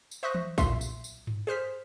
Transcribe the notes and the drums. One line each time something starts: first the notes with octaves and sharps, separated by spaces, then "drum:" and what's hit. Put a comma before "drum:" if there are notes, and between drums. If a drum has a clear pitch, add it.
drum: tambourine
C5 E5 C#6 D#6 F#6 A#6
drum: tom E3
B1 A#2 F4 E5 C6 C7, drum: kick, tambourine
drum: tambourine
drum: tambourine
drum: tom G2
G#4 C5 F6 B6